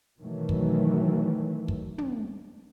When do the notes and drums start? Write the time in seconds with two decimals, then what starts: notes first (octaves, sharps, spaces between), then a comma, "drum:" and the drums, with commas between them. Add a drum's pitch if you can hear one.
0.19 B2 D#3 E3 F#3 A3
0.49 drum: kick
1.68 drum: kick
1.98 drum: tom